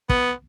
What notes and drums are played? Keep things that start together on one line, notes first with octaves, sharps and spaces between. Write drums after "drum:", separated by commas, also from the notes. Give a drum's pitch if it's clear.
B3, drum: kick